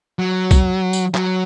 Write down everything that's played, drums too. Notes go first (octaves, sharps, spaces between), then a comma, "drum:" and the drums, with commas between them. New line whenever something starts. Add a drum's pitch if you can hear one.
F#3
drum: kick, tambourine
drum: tambourine
F#3, drum: clap